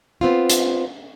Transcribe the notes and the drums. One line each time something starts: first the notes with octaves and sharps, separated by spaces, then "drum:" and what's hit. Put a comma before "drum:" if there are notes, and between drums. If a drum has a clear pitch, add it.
B3 C4 F4
drum: hi-hat